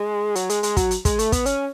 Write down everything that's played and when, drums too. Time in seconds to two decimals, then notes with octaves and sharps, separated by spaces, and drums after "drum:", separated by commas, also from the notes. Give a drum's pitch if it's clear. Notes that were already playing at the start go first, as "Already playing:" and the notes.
Already playing: G#3
0.35 F#3, drum: hi-hat
0.50 G#3, drum: hi-hat
0.63 G#3, drum: hi-hat
0.77 F#3, drum: kick, hi-hat
0.91 drum: hi-hat
1.05 G#3, drum: kick, hi-hat
1.19 A3, drum: hi-hat
1.32 B3, drum: kick, hi-hat
1.46 C#4, drum: hi-hat